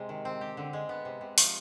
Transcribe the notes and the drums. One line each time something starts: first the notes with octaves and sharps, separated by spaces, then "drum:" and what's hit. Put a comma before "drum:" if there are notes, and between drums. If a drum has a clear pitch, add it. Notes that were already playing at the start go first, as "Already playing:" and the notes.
Already playing: C3 G#3
D#3
C4
G4
D3
G#3
B3
C3
C3
F3, drum: open hi-hat